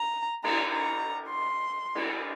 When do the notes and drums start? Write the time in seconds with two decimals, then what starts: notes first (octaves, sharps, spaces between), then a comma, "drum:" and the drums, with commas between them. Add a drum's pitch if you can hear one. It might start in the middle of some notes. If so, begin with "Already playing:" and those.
Already playing: A#5
0.44 A#5, drum: cymbal
0.72 A#5
1.29 C6
1.95 drum: cymbal